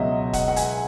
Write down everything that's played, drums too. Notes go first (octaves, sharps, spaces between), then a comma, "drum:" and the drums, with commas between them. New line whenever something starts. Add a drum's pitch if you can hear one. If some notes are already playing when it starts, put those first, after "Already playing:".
Already playing: C#2 B2 F#3 D#5 E5
F#5, drum: kick, hi-hat
F#5
G#5, drum: hi-hat